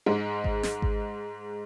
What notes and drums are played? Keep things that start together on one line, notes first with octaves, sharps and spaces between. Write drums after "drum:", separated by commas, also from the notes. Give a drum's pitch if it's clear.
G#2 G#3
drum: kick G#1
drum: snare
drum: kick G#1